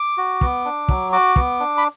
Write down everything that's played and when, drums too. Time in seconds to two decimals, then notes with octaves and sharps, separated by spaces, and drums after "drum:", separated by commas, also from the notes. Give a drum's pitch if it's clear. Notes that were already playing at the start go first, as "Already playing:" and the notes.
Already playing: D6
0.17 F#4
0.41 B3, drum: kick
0.65 D4
0.89 F#3, drum: kick
1.12 F#4 D6
1.36 B3, drum: kick
1.60 D4
1.78 B5